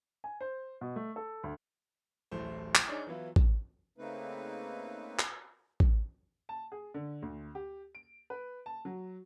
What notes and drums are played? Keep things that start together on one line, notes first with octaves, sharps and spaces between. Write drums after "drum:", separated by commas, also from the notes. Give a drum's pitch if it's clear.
G#5
C5
B2
A3
A4
D2
D1 A1 A3 C5
drum: clap
D4 D#4 G#4 C#5 D5
E3 F#3 B3 E4 F4
drum: kick
C#3 A3 A#3 C4 D#4 B4
drum: clap
drum: kick
A5
G#4
D3
D2
G4
D7
B4
A5
F#3